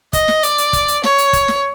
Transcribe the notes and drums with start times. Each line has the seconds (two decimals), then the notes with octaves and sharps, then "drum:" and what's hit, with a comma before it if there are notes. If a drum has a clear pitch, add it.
0.13 D#5, drum: kick, hi-hat
0.28 drum: snare
0.43 D5, drum: hi-hat
0.58 drum: hi-hat
0.73 drum: kick, hi-hat
0.88 drum: hi-hat
1.03 C#5, drum: snare
1.18 drum: hi-hat
1.33 drum: kick, hi-hat
1.48 drum: snare